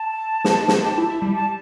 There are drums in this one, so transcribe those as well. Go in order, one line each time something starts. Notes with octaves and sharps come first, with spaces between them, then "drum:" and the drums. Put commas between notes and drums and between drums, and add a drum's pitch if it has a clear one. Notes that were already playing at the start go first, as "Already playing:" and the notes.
Already playing: A5
drum: snare
drum: snare
G4
E4
E4
G3
A5